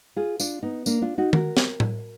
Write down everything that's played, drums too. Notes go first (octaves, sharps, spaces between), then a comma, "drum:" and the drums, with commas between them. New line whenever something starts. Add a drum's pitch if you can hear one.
F4 G#4
D4 F4, drum: tambourine
B3 D#4
A#3 D4, drum: tambourine
D4 F4
D#4 F#4
F#4 A#4, drum: tom D#3
drum: snare
drum: tom A2